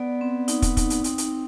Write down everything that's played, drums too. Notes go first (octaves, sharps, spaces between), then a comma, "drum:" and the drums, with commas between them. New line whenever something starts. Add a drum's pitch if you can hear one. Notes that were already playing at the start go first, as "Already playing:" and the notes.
Already playing: B3 D5
C4
D#4, drum: hi-hat
drum: kick, hi-hat
D#4, drum: kick, hi-hat
drum: hi-hat
C4 D#4, drum: hi-hat
drum: hi-hat
D#4